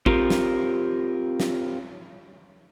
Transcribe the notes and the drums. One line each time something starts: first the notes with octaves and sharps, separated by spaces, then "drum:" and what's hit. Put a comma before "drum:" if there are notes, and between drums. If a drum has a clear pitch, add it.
C4 F4 G4 A#4, drum: kick
drum: snare
drum: snare